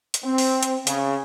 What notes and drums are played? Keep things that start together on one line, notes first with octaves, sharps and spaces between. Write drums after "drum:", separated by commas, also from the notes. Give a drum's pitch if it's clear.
drum: hi-hat
C4
drum: open hi-hat
drum: hi-hat
C#3, drum: hi-hat